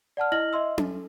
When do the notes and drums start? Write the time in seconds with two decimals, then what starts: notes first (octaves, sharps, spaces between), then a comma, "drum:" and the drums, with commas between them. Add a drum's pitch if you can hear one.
0.17 D5 F#5 A5 F6
0.32 E4 D#5 F6 A#6 F#7
0.53 D#5 E5 C6 E6
0.78 A4, drum: tom C#4